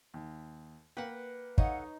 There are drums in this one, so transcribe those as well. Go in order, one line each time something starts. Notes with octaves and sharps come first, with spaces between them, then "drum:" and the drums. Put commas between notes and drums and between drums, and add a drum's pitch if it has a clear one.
D#2
A#3 B4 F#5 G5
D#4 A4 C#5 D#5 F5 F#5, drum: kick